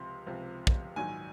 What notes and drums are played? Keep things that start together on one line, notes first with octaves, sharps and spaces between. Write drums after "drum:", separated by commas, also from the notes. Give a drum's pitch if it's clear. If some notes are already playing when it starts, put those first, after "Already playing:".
Already playing: C#2 C3 F3 C4 C6
C#2 C3 F3 C4
drum: kick
A#1 G#2 D#3 F#3 G#5